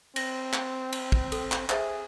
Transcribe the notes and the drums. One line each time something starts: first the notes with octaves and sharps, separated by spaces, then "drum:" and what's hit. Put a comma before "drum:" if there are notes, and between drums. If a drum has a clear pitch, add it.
C4 A#6, drum: cymbal
drum: clap
drum: cymbal
drum: kick
A4, drum: cymbal
drum: clap
G#4 C5 E5, drum: clap